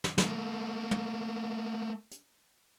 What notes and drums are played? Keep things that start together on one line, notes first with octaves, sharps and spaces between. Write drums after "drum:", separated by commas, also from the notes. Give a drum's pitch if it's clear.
drum: snare
A3 A#3, drum: snare
drum: tom
drum: hi-hat